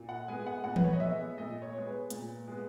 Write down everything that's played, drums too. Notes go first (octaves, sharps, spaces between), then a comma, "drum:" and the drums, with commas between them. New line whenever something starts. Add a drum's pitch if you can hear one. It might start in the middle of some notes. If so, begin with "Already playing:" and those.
Already playing: A#2
F#5
G#3 B3 G#5
F#5
A#2 F#5
B4, drum: tom E3
C#5
D#5
G#3 B3 E5
A#2 D#5
C#5
G#3 B3
B4
A#2, drum: hi-hat
G#3 B3